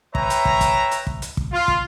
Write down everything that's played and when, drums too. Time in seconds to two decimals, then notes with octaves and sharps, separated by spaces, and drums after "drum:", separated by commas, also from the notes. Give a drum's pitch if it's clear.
0.15 B4 C#5 E5 G5 A#5, drum: kick
0.30 drum: hi-hat
0.45 drum: kick
0.61 drum: kick, hi-hat
0.91 drum: hi-hat
1.07 drum: kick
1.22 drum: hi-hat
1.37 drum: kick
1.53 F4
1.68 drum: kick